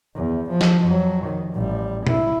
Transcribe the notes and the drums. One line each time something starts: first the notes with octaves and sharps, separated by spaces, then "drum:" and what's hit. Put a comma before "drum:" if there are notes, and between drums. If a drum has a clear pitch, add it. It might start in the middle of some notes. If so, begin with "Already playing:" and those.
E2
F3
drum: snare
F2 F#3
D#3
A1 G3
E4, drum: tom